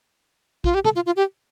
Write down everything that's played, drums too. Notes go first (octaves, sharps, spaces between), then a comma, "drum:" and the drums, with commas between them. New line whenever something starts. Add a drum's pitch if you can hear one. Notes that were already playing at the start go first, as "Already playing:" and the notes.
F4, drum: kick
G4
A4, drum: tom
F4
F4
G4